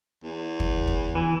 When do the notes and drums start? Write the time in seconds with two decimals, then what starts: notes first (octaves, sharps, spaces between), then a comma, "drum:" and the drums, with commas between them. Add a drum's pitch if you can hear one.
0.24 E2
0.60 drum: kick
0.88 drum: kick
1.15 E3